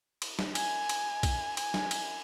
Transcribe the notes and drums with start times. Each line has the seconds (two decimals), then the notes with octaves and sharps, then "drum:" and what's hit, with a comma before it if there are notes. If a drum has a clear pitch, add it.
0.22 drum: cymbal
0.39 drum: snare
0.55 G#5, drum: cymbal
0.89 drum: cymbal
1.23 drum: kick B1, cymbal
1.57 G#5, drum: cymbal
1.74 drum: snare
1.91 drum: cymbal